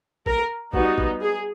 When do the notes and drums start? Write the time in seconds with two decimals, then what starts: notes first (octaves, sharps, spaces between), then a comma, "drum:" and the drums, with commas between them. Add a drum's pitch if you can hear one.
0.26 A#4, drum: kick
0.73 G3 B3 D#4 F#4, drum: kick
0.98 drum: kick
1.22 G#4